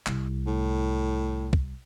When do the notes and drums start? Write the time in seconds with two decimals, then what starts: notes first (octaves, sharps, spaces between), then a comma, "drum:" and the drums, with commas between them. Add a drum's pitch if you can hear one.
0.07 C2, drum: clap
0.47 A2
1.53 drum: kick